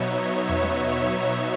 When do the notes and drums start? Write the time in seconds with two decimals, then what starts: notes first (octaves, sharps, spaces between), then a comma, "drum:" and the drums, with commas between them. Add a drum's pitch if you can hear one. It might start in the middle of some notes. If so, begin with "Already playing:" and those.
Already playing: B2 F#3 B3 D#4 C#5 E5
0.49 C#5 E5, drum: tom E2
0.63 drum: snare C#4
0.77 drum: hi-hat
0.91 C#5 E5, drum: hi-hat
1.05 drum: hi-hat
1.19 drum: hi-hat
1.33 drum: hi-hat